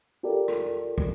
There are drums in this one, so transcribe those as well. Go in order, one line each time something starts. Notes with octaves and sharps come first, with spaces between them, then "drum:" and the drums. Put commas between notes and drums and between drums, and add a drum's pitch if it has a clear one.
F4 G4 A4 A#4 D5
drum: rim click
drum: kick